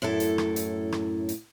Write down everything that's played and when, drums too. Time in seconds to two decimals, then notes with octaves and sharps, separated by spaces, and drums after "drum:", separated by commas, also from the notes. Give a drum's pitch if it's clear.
0.02 F#2 A2 E4 A4
0.20 drum: hi-hat
0.38 drum: rim click
0.56 drum: hi-hat
0.92 drum: rim click
1.29 drum: hi-hat